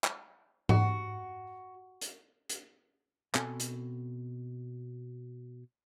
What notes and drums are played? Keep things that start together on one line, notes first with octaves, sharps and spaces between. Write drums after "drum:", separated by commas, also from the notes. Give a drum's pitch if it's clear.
drum: clap
F#4, drum: tom G#2
drum: hi-hat
drum: hi-hat
B2 C4 A4 G#5, drum: clap
drum: hi-hat